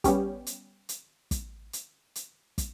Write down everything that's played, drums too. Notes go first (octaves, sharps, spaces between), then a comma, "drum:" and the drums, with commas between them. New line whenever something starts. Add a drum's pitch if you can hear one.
G3 B3 C#4 G4, drum: kick, hi-hat
drum: hi-hat
drum: hi-hat
drum: kick, hi-hat
drum: hi-hat
drum: hi-hat
drum: kick, hi-hat